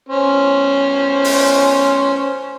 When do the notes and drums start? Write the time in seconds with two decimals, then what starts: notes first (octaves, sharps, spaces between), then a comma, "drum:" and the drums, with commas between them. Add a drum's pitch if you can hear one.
0.09 C#4 C5
1.24 drum: open hi-hat